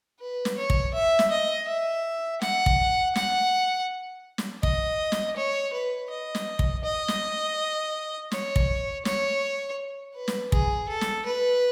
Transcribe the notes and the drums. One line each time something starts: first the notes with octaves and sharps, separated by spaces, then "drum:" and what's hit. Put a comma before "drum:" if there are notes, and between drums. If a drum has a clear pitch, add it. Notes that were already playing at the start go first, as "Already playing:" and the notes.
B4
drum: snare
C#5
drum: kick
E5
drum: snare
D#5
E5
F#5, drum: snare
drum: kick
F#5, drum: snare
drum: snare
D#5, drum: kick
drum: snare
C#5
B4
D#5
drum: snare
drum: kick
D#5
drum: snare
C#5, drum: snare
drum: kick
C#5, drum: snare
B4
drum: snare
G#4, drum: kick
A4
drum: snare
B4